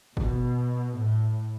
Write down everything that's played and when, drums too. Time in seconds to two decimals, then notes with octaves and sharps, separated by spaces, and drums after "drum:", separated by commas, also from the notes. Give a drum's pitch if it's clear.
0.17 B2, drum: kick G#1
0.96 A2